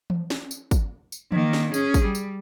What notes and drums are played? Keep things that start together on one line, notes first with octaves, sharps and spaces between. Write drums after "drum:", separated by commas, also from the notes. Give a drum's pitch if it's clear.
drum: tom E3
drum: snare
drum: tambourine
drum: kick, tambourine
drum: tambourine
D#3 A#3, drum: tom E3
drum: snare
C#4 G#4, drum: tambourine
drum: kick, tambourine
G3
drum: tambourine